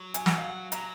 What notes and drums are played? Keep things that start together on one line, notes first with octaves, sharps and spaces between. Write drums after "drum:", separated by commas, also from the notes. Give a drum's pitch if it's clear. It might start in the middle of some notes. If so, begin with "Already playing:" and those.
Already playing: F#3
G#5, drum: hi-hat
F#5, drum: snare
F5
F#5
F#3 A#5, drum: hi-hat